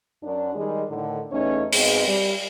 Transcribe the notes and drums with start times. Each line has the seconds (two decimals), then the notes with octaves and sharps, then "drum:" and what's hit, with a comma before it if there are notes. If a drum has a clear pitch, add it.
0.23 F#2 D4
0.55 D#3 G3 G#3 G#4
0.88 A2 D3 D#3
1.31 E2 A3 C#4 D#4 C#5
1.72 G#2 B2 G#3 C4 G#4, drum: open hi-hat
2.07 G3